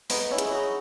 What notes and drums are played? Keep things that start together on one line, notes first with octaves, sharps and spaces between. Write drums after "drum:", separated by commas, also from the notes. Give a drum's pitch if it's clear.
B3 D#4 D#5, drum: open hi-hat
C#4 E4
G#4, drum: hi-hat
E4
D#4 F#4